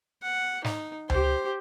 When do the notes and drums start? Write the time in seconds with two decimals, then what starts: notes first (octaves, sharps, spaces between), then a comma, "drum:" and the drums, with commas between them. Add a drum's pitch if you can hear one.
0.23 F#5
0.64 D#4, drum: snare
1.10 G4 C5, drum: tom C#2